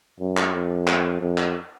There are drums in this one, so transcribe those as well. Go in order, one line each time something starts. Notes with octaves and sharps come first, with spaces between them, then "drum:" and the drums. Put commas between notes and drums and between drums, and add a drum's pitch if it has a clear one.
F#2
drum: clap
F2
drum: clap
F2
drum: clap